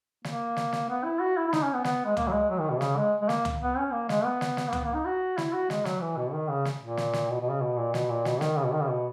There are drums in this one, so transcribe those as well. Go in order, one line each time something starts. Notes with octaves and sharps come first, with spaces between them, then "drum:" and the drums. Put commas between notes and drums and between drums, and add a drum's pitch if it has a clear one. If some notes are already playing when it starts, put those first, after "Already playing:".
A#3, drum: snare
drum: snare
drum: snare
B3
E4
F#4
E4
E4
D#4, drum: snare
C#4
B3
B3, drum: snare
G#3
A#3, drum: tom
F#3
G#3
F#3
D#3
B2
C#3, drum: snare
G#3
G#3
A#3, drum: snare
drum: tom
B3
C#4
A#3
G#3, drum: snare
B3
drum: snare
drum: snare
A#3
B3, drum: tom
A#3
D#4
F#4
E4, drum: snare
F#4
G#3, drum: snare
F#3, drum: snare
E3
B2
D#3
C#3
drum: snare
A#2
drum: snare
drum: snare
B2
B2
C#3
B2
A#2
B2, drum: snare
A#2
B2, drum: snare
D#3, drum: snare
C#3
B2
D#3
C#3
B2